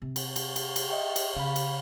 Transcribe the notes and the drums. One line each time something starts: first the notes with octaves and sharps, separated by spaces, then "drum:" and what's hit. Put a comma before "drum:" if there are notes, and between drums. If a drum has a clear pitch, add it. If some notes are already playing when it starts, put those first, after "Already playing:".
C3
drum: cymbal
drum: cymbal
drum: cymbal
drum: cymbal
D#5 E5 G5
drum: cymbal
C#3 F5 B5
drum: cymbal